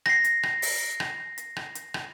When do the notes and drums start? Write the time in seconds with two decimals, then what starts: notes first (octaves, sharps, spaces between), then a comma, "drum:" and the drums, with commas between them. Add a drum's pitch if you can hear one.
0.06 A#6 C7, drum: rim click
0.24 drum: hi-hat
0.43 drum: rim click
0.62 drum: open hi-hat
1.00 drum: rim click
1.38 drum: hi-hat
1.56 drum: rim click
1.75 drum: hi-hat
1.94 drum: rim click